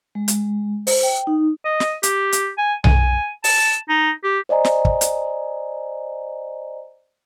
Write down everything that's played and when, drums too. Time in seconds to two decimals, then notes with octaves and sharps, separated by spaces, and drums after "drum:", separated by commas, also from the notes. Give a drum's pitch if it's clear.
0.15 G#3
0.28 drum: hi-hat
0.87 C5, drum: open hi-hat
1.03 G5
1.27 D#4
1.65 D#5
1.80 drum: snare
2.03 G4, drum: hi-hat
2.32 drum: hi-hat
2.58 G#5
2.84 G#5, drum: tom B1
3.44 A5, drum: open hi-hat
3.89 D#4
4.24 G4
4.49 C5 D5 D#5 G#5 A#5
4.65 drum: snare
4.85 drum: kick
5.01 drum: hi-hat